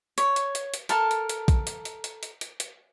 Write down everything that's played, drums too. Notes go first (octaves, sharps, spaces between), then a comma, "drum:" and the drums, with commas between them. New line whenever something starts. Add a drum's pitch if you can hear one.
C#5, drum: hi-hat
drum: hi-hat
drum: hi-hat
drum: hi-hat
A4 A#4 A5, drum: hi-hat
drum: hi-hat
drum: hi-hat
drum: kick A#1, hi-hat
drum: hi-hat
drum: hi-hat
drum: hi-hat
drum: hi-hat
drum: hi-hat
drum: hi-hat